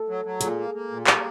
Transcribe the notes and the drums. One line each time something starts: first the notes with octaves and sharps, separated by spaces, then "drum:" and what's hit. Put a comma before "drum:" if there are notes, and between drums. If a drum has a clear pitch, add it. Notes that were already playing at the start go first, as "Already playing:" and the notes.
Already playing: A4
F#3
F#3
A#2 G#4, drum: hi-hat
A#3
A#3
A#2
A#3 G4, drum: clap